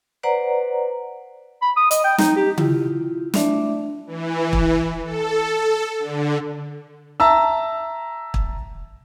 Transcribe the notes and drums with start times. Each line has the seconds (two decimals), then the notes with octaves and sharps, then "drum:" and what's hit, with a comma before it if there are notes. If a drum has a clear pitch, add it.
0.23 B4 C5 D5 F#5 A#5
1.62 B5
1.77 D#6
1.91 D#5, drum: hi-hat
2.04 G5
2.18 D#4, drum: snare
2.36 G4
2.58 E4 F4, drum: tom C#3
3.34 A3 D4 D5 E5, drum: snare
4.07 E3
4.53 drum: kick
5.03 A4
5.99 D3
7.20 E5 A5 A#5 E6
8.34 drum: kick